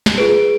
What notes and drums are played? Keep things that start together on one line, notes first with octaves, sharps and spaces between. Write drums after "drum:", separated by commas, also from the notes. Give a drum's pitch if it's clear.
drum: snare
F4 G#4 B4 D7